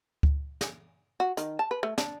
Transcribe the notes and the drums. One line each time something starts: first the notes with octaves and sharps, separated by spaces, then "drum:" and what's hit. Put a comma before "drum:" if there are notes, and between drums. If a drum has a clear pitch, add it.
drum: kick C#2
drum: snare
F#4
D#3, drum: hi-hat
A5
B4
A3
D4, drum: snare